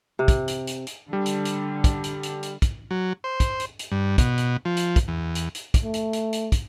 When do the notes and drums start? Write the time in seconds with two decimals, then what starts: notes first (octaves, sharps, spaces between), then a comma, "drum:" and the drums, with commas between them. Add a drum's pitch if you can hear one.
0.19 C3
0.28 drum: kick, hi-hat
0.48 drum: hi-hat
0.67 drum: hi-hat
0.87 drum: hi-hat
1.13 D3 G3
1.26 drum: hi-hat
1.45 drum: hi-hat
1.84 drum: kick, hi-hat
2.04 drum: hi-hat
2.23 drum: hi-hat
2.43 drum: hi-hat
2.62 drum: kick, hi-hat
2.91 F#3
3.24 C5
3.40 drum: kick, hi-hat
3.60 drum: hi-hat
3.79 drum: hi-hat
3.92 G2
4.18 B2, drum: kick, hi-hat
4.38 drum: hi-hat
4.65 F3
4.77 drum: hi-hat
4.96 drum: kick, hi-hat
5.08 E2
5.35 drum: hi-hat
5.55 drum: hi-hat
5.74 drum: kick, hi-hat
5.84 A3
5.94 drum: hi-hat
6.13 drum: hi-hat
6.33 drum: hi-hat
6.52 drum: kick, hi-hat